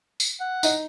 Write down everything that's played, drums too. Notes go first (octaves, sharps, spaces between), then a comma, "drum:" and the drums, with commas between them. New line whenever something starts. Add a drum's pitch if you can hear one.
drum: tambourine
F#5
D#4 D#5, drum: tambourine